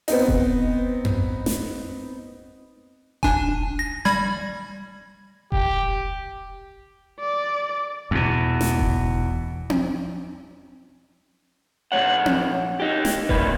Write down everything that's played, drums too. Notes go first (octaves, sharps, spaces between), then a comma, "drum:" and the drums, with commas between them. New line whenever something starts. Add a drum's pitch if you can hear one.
B3 C4 D#4, drum: open hi-hat
drum: kick E1
drum: tom F2
drum: snare
D4 G#5, drum: kick E1
A#6
G3 B5 G#6
G4, drum: kick E1
D5
E2 B2
drum: snare
drum: kick E1
drum: tom C4
A#2 E3 C#5 F#5
drum: tom C4
D#4 G4
drum: snare
C#2 G2 B2 A#3 B4, drum: kick E1